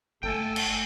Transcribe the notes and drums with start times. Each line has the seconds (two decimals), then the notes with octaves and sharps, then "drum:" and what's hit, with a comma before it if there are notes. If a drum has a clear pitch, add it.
0.23 G1 A3 A4 G5 G#5
0.56 drum: cymbal